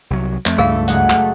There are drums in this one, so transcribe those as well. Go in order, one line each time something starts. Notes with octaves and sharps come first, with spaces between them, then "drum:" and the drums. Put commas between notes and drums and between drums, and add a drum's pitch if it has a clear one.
C2 F#3
F2 A3, drum: clap
C#2 G2 G#4 A#4 F5
F#1 G#3 F#5, drum: hi-hat
drum: clap